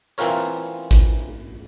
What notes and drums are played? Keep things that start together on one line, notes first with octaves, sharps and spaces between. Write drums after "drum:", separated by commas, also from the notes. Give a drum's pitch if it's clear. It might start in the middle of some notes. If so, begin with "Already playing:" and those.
E3 A#3 C4 F4 A#4 C#5, drum: hi-hat
drum: kick A1, hi-hat